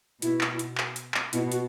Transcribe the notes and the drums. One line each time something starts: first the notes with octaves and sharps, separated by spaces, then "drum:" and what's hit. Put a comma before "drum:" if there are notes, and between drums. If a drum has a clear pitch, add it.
B2 E4, drum: hi-hat
drum: clap
drum: hi-hat
drum: clap
drum: hi-hat
drum: clap
B2 E4, drum: hi-hat
F#4, drum: hi-hat